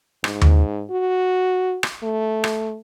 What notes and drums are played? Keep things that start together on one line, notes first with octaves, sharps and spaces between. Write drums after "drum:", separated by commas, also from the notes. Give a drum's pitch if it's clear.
G#2, drum: rim click
drum: tom D#2
F#4
drum: rim click
A3
drum: rim click